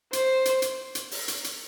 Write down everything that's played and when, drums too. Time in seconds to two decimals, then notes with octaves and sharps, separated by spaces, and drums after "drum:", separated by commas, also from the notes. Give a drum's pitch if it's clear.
0.13 C5, drum: hi-hat
0.45 drum: hi-hat
0.62 drum: hi-hat
0.95 drum: hi-hat
1.11 drum: open hi-hat
1.28 drum: hi-hat
1.44 drum: hi-hat